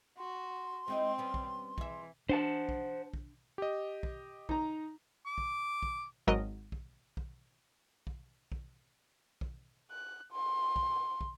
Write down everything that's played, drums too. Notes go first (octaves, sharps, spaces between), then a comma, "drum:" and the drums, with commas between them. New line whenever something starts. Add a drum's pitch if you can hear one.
F#4 C6
G#3 C4 D#4 E4
G3 B3 C#4
drum: kick
E3 G#4 E5, drum: kick
D4 C5 F#5 A5
drum: kick
drum: kick
G4 D#5
drum: kick
D#4 A#5, drum: kick
D6
drum: kick
drum: kick
G#1 F#3 A#4 D#5
drum: kick
drum: kick
drum: kick
drum: kick
drum: kick
F#6
C6
drum: kick
drum: kick